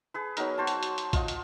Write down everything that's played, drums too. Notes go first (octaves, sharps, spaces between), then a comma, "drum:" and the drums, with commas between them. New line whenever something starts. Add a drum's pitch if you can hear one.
G#4 B4
F#3 B3 D#4 A#4, drum: hi-hat
F#4 C5 A5
drum: hi-hat
drum: hi-hat
drum: hi-hat
F4 D#5 F#5, drum: kick A#1, hi-hat
drum: hi-hat